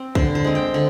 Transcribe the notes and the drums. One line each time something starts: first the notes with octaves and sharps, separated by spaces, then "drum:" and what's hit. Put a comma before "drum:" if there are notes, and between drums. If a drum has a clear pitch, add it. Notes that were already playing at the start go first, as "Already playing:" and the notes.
Already playing: C4
D3 C5, drum: kick
C5
G#3 C4
G5
D3